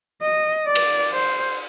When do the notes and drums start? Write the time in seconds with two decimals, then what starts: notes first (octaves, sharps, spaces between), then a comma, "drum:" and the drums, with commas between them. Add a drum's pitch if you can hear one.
0.22 D#5
0.66 D5
0.75 drum: cymbal
1.13 C5